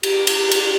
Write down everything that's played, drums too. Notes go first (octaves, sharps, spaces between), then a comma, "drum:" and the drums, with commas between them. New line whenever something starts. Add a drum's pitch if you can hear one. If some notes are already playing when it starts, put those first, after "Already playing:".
G4, drum: cymbal
drum: cymbal
drum: cymbal